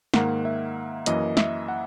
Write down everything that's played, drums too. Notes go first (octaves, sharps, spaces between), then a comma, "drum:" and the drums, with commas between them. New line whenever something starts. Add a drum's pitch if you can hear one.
G#2 D#3 A#3 F#5, drum: snare
E5
F#2 E3 A#3 D#5, drum: hi-hat
E5, drum: snare
F#5